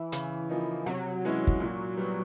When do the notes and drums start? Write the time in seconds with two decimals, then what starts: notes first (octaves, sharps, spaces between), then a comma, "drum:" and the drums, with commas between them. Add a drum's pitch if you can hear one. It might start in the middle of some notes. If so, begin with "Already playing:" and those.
Already playing: E3
0.12 C#3, drum: hi-hat
0.49 F3 A#3 D#4
0.86 C3 F#3
1.24 E3 G#3 C#4 E4
1.47 drum: kick
1.60 A#2
1.97 G3 B3